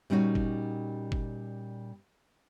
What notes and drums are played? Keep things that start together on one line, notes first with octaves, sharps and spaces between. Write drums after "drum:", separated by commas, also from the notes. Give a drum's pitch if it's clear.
A#2 G3 C#4 D#4 F#4
drum: kick G1
drum: kick G1